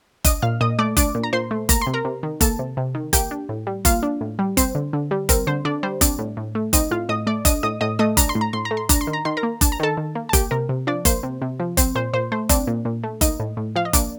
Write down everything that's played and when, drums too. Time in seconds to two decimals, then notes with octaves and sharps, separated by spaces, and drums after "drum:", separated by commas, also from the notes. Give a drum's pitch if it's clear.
0.25 D4 D#5 D#6, drum: kick F#1, hi-hat
0.42 A#2 F5 F6
0.61 A#2 D#5 D#6
0.79 A3 D5 D6
0.97 D4 D5 D6, drum: kick F#1, hi-hat
1.15 A#2
1.23 A#5
1.33 A#2 C5 C6
1.51 A3
1.69 A#3 A#5, drum: kick F#1, hi-hat
1.81 C6
1.87 C3
1.94 A#4 A#5
2.05 C3
2.23 D#3
2.41 A#3 A4 A5, drum: kick F#1, hi-hat
2.59 C3
2.77 C3
2.95 D#3
3.13 A#3 G4 G5, drum: kick F#1, hi-hat
3.31 D4
3.49 A2
3.67 G3
3.85 A#3 F4 F5, drum: kick F#1, hi-hat
4.03 D4
4.21 A2
4.39 G3
4.57 C4 C5, drum: kick F#1, hi-hat
4.75 D3
4.93 D3
5.11 G3
5.29 C4 A#4, drum: kick F#1, hi-hat
5.47 D3 C5
5.65 D3 D4 D5
5.83 G3 C5
6.01 C4 D4 D5, drum: kick F#1, hi-hat
6.19 A2
6.37 A2
6.55 A3
6.73 C4 D#4 D#5, drum: kick F#1, hi-hat
6.91 A2 F4 F5
7.09 A2 D#5 D#6
7.27 A3 D5 D6
7.45 D4 D#5 D#6, drum: kick F#1, hi-hat
7.63 A2 D#5 D#6
7.81 A2 D#5 D#6
7.99 A3 D#5 D#6
8.17 D4 A#5, drum: kick F#1, hi-hat
8.29 C6
8.35 A2
8.41 A#5
8.53 A2 C6
8.65 A#5
8.71 A3
8.77 C6
8.89 D4 A#5, drum: kick F#1, hi-hat
9.01 C6
9.07 D#3
9.13 A#5
9.25 D#3 C6
9.37 A#4 A#5
9.43 A#3
9.61 D4 A5, drum: kick F#1, hi-hat
9.72 A#5
9.80 D#3 A4 A5
9.97 D#3
10.15 A#3
10.29 A5
10.33 A#3 G4 G5, drum: kick F#1, hi-hat
10.51 C3 A#4
10.69 C3
10.87 F3 D4 D5
11.05 A#3 C5, drum: kick F#1, hi-hat
11.23 C3
11.42 C3
11.60 F3
11.77 C4 C5, drum: kick F#1, hi-hat
11.95 A#2 C5
12.13 A#2 C5
12.32 A3 C5
12.49 C4 D4 D5, drum: kick F#1, hi-hat
12.67 A#2
12.85 A#2
13.04 A3
13.21 A#3 D#4 D#5, drum: kick F#1, hi-hat
13.40 A2
13.57 A2
13.76 F3 F5
13.85 D#5
13.93 A#3 D4 D5, drum: kick F#1, hi-hat